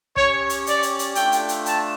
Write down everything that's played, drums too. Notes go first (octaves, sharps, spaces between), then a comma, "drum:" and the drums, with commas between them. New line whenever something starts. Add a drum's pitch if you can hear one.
C#4 G4 C#5, drum: kick
drum: hi-hat
D5, drum: hi-hat
drum: hi-hat
drum: hi-hat
A3 D4 F4 G5, drum: hi-hat
drum: hi-hat
drum: hi-hat
A5, drum: hi-hat